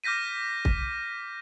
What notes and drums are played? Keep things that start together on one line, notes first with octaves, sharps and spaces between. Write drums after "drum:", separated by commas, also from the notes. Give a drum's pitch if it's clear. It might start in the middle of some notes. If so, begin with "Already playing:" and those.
D6 F6 G6 A#6 B6 D#7
drum: kick